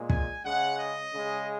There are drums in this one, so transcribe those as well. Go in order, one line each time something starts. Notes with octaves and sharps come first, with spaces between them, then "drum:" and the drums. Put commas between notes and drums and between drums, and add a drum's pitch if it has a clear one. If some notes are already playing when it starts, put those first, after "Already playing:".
Already playing: A#2 G#3
G#5, drum: kick
C#3 G#3 F#5
D#5
C#3 G#3